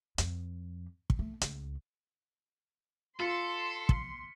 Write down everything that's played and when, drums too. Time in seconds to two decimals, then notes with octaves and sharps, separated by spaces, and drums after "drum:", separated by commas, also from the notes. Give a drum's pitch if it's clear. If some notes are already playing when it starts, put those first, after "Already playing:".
0.18 F2, drum: hi-hat
1.10 drum: kick
1.19 A3
1.41 C#2, drum: hi-hat
3.20 F4 A4 C6 B6 C#7
3.89 drum: kick